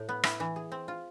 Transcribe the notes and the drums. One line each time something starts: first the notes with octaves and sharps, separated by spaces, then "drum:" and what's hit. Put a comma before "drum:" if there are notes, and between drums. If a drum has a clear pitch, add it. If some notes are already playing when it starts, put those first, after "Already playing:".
Already playing: A2
B3
E4, drum: rim click
E3
G#4
C4
F4